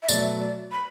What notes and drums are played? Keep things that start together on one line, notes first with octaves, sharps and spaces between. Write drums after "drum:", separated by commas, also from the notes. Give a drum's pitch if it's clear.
E5
B2 F#3 A3 D5, drum: tambourine
D5
B5